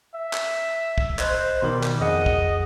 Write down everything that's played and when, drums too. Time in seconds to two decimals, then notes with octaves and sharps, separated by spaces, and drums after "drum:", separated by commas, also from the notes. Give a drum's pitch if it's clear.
0.15 E5
0.33 drum: clap
0.98 drum: kick
1.19 C5 D#5 F#6, drum: clap
1.62 B2 D#3 G3 A#4
1.83 drum: clap
2.01 F2 G#4 D#5 F#5
2.26 drum: kick